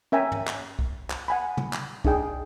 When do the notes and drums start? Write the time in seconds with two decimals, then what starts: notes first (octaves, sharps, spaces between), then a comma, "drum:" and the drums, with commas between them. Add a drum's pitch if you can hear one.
0.12 C#4 A#4 E5 G5 G#5 A#5
0.32 drum: tom
0.47 drum: clap
0.79 drum: kick C2
1.10 drum: clap
1.28 F#5 G#5 B5
1.57 drum: tom
1.73 drum: clap
2.05 D4 D#4 G#4 G5, drum: kick C2